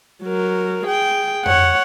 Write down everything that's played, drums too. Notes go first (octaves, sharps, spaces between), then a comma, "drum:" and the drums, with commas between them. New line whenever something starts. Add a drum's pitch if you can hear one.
F#3 A#4
G#4 G5
C#5 F#5, drum: tom F2